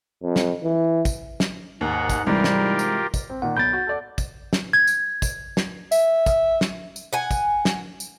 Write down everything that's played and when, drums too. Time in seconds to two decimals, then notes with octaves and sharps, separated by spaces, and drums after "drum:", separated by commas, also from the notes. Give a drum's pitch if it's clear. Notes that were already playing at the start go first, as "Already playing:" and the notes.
0.23 F2
0.36 drum: snare
0.63 E3
1.05 drum: kick, tambourine
1.40 drum: snare
1.81 D#2 G#2 F#5
2.10 drum: kick, tambourine
2.27 G#2 C3 E3 G3 F4 G4 A#4
2.44 drum: snare
2.79 drum: tambourine
3.14 drum: kick, tambourine
3.30 C4
3.42 A#2 D#3 F#5
3.57 B1 B5 G6 A6 D7
3.73 F#4
3.87 A4 D5 F#5
4.18 drum: kick, tambourine
4.53 drum: snare
4.73 G#6
4.87 drum: tambourine
5.22 drum: kick, tambourine
5.57 drum: snare
5.92 E5, drum: tambourine
6.26 drum: kick, tambourine
6.61 drum: snare
6.96 drum: tambourine
7.13 F#5 G#5
7.31 drum: kick, tambourine
7.65 drum: snare
8.00 drum: tambourine